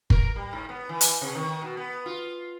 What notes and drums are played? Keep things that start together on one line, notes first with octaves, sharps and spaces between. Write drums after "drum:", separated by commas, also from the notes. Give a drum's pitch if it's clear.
A#4, drum: kick
G3
G#2
B3
E3
drum: hi-hat
C3
D#3
B2
B3
F4